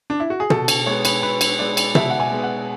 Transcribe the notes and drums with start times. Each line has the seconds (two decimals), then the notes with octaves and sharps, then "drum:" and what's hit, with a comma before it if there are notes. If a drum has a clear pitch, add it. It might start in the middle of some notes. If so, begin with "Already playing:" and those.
0.10 D4
0.20 E4
0.30 F#4
0.40 G#4
0.50 B2 A4, drum: tom
0.68 drum: cymbal
0.86 G#3 B3 C#5
1.05 B4, drum: cymbal
1.23 B2 B4
1.41 drum: cymbal
1.59 G#3 B3 D5
1.77 drum: cymbal
1.95 B2 E5, drum: tom
2.10 F#5
2.20 G#5
2.31 G#3 B3
2.43 F#5